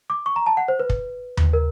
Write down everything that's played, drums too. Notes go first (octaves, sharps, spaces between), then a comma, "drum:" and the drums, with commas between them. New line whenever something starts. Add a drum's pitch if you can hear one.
D6
C#6
A#5
A5
F#5
C5
B4
drum: kick
drum: tom D#2
A#4